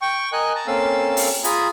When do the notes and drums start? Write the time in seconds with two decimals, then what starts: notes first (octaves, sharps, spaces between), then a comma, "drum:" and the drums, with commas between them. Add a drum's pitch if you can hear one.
0.02 G5 C#6
0.33 A#4 D#5 G#5 F#6
0.55 A5 A#5
0.67 A#3 C4 C#4 A4 F5 E6
1.17 drum: open hi-hat
1.44 F4 G#4 G#5 A#5 B5, drum: hi-hat